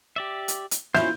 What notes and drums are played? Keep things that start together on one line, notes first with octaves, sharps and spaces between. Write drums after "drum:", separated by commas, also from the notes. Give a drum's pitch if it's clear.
G4 D5 E5
drum: hi-hat
drum: hi-hat
C#4 E4 F4 C5 G6, drum: snare